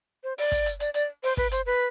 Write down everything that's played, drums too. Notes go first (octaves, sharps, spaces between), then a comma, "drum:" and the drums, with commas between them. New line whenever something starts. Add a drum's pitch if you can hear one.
C5
D5, drum: open hi-hat
drum: kick, hi-hat
drum: hi-hat
D5, drum: hi-hat
D5, drum: hi-hat
C5, drum: open hi-hat
B4, drum: kick
C5, drum: hi-hat
B4